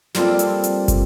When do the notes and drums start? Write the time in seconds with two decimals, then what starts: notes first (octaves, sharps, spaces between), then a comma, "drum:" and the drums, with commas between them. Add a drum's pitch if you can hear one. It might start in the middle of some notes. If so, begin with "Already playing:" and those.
0.14 G3 A#3 C4 F4 A4, drum: snare
0.39 drum: hi-hat
0.64 drum: hi-hat
0.88 drum: kick, hi-hat